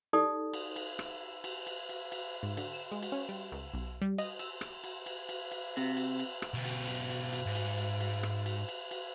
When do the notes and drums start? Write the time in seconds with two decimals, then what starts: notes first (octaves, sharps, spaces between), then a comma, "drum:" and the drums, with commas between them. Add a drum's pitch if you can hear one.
0.13 D#4 G4 A4 D5 D#6
0.54 drum: cymbal
0.76 drum: cymbal
0.99 drum: rim click
1.44 drum: cymbal
1.67 drum: cymbal
1.89 drum: cymbal
2.12 drum: cymbal
2.43 G#2
2.57 D3, drum: cymbal
2.72 E7
2.92 G#3
3.03 drum: cymbal
3.12 C#4
3.29 G3
3.52 C#2
3.74 B1
4.02 G3
4.18 D#5, drum: cymbal
4.39 E6, drum: cymbal
4.61 drum: rim click
4.84 drum: cymbal
5.06 drum: cymbal
5.29 drum: cymbal
5.52 drum: cymbal
5.77 C3, drum: cymbal
5.97 drum: cymbal
6.19 drum: cymbal
6.42 drum: rim click
6.54 B2 G4
6.65 drum: cymbal
6.87 drum: cymbal
7.10 drum: cymbal
7.33 drum: cymbal
7.46 G#2
7.55 drum: cymbal
7.78 drum: cymbal
8.01 drum: cymbal
8.23 drum: rim click
8.46 drum: cymbal
8.69 drum: cymbal
8.91 drum: cymbal